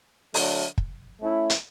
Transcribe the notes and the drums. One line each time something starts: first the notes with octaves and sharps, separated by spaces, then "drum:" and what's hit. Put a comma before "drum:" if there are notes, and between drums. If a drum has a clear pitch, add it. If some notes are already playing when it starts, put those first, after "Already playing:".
D3 F#3 A3, drum: open hi-hat
drum: kick
A3 C#4 E4
drum: hi-hat